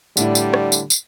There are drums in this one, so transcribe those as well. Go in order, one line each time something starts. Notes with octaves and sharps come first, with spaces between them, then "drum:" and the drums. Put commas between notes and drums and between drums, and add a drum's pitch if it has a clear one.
A2 D3 G3 E4, drum: tambourine
drum: tambourine
drum: rim click
drum: tambourine
drum: tambourine